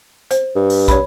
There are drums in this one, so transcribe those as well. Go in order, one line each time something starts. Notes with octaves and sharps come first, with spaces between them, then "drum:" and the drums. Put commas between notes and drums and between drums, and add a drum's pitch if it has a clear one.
C5, drum: hi-hat
G2
drum: open hi-hat
C#5 B5, drum: kick, hi-hat